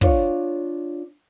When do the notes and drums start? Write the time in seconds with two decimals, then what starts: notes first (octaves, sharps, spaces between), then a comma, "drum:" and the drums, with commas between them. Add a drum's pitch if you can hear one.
0.01 D4 F4 C#5, drum: kick